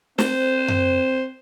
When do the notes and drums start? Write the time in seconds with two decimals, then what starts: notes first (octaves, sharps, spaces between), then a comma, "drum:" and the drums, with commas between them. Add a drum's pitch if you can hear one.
0.19 C4 C5, drum: snare
0.68 drum: tom F#2